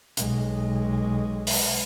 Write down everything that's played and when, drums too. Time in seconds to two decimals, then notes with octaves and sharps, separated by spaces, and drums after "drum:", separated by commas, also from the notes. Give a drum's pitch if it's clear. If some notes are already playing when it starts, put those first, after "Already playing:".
0.17 B1 G#3, drum: hi-hat
1.47 drum: open hi-hat